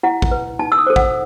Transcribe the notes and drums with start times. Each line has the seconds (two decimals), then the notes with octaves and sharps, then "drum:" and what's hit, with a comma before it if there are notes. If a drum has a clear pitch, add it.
0.03 E4 F#5
0.22 drum: kick
0.31 B4
0.59 D#4 A5
0.72 E6
0.78 D#6
0.87 A4 C5
0.96 F#5, drum: kick